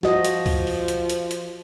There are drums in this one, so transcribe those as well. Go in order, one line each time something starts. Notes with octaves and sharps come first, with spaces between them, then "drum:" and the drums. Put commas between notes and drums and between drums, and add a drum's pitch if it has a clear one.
F3 F#4 D#5, drum: snare
drum: hi-hat
drum: kick C#2, open hi-hat
drum: open hi-hat
drum: hi-hat
drum: hi-hat
drum: hi-hat